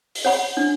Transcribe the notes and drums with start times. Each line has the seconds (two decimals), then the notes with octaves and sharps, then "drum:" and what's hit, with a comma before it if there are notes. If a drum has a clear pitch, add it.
0.15 drum: open hi-hat
0.25 C#5 F#5 B5
0.57 D4